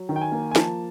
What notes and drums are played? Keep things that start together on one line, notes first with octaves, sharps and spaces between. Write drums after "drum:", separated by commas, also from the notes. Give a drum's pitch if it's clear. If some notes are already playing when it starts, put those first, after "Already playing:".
Already playing: F#3
D#3
G5
G#5
A#3
G#5
F3 A5, drum: snare